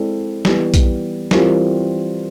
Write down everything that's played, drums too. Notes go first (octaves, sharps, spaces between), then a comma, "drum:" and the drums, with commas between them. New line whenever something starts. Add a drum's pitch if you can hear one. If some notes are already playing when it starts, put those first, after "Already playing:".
Already playing: G#3 C4 E4 A4 D5
E3 G3 B3, drum: snare F#3
drum: kick A#1, hi-hat
E3 G3 C4 F4 A#4, drum: snare F#3